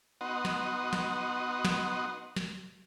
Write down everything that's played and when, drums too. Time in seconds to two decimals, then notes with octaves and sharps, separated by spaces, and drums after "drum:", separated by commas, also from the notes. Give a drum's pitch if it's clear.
0.21 B3 D#4 F#4 F#5 C6 D#6
0.45 drum: snare
0.93 drum: snare
1.65 drum: snare
2.36 drum: snare